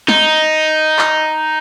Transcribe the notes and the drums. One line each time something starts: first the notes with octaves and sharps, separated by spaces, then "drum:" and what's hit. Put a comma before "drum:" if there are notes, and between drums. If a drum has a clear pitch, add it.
D#4, drum: snare
drum: clap